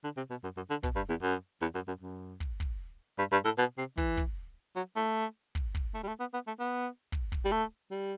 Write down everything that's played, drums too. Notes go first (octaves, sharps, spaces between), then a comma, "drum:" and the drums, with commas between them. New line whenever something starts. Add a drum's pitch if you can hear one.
D3
C3
B2
F#2
F#2
D3
B2, drum: kick
G2
E2
F#2
E2
F#2
F#2
F#2
drum: kick
drum: kick
G2
G2
A2
B2
C3
E3, drum: kick
drum: kick
F#3
A3
drum: kick
drum: kick
A3
G3
A3
B3
B3
A3
B3
drum: kick
drum: kick
G3
A3
G3